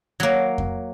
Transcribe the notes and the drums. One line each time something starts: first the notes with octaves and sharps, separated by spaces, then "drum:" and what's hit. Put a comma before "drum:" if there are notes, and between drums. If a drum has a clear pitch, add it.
F#3 A#3
drum: kick F2